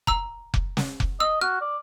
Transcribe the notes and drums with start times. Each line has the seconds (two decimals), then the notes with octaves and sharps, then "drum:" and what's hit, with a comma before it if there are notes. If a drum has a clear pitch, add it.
0.07 A#5 E6, drum: kick F1
0.54 drum: kick F1
0.77 drum: snare
1.00 drum: kick F1
1.20 D#5 E6
1.41 F#4 F6
1.61 D5